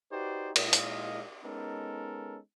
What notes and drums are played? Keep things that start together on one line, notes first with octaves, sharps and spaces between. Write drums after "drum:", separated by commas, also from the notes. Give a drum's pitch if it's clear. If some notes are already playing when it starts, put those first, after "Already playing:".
D#4 F#4 G4 B4 C5 D5
A#2 G#3 D#4 E4 D#5 F5, drum: cymbal
drum: hi-hat
G#3 B3 C#4 D#4 A4 A#4